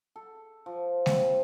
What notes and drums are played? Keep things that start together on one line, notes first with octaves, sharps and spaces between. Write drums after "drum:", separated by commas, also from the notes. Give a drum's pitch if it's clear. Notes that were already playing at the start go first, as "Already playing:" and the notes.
A4
F3
C4, drum: snare G#3